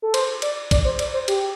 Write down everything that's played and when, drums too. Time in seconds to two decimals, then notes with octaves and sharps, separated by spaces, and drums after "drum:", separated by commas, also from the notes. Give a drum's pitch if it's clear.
0.02 A4
0.14 C5, drum: cymbal
0.42 D5, drum: cymbal
0.71 D5, drum: kick, cymbal
0.85 C5
0.99 D5, drum: cymbal
1.14 C5
1.28 G4, drum: cymbal